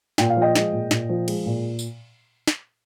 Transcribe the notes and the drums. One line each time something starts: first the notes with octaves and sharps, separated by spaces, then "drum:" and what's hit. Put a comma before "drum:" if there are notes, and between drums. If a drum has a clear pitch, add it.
A#2 G5, drum: snare
F5
F3
D#5 G5
G#3, drum: snare
A#2
A#2, drum: snare
F3
G#3, drum: cymbal
A#2
drum: tambourine
drum: snare